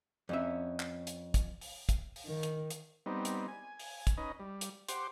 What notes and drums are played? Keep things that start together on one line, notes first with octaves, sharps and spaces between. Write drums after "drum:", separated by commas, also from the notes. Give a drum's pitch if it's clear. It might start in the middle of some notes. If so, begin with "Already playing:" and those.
F2 C#4 E5
drum: clap
drum: hi-hat
drum: kick, hi-hat
drum: open hi-hat
drum: kick, hi-hat
drum: open hi-hat
D#3
drum: hi-hat
drum: hi-hat
G3 B3 C4 D#4
drum: hi-hat
G#5
drum: open hi-hat
drum: kick, hi-hat
C#4 D#4 B4 D#5
G3
drum: hi-hat
G4 C5 F#5 C6 D6, drum: hi-hat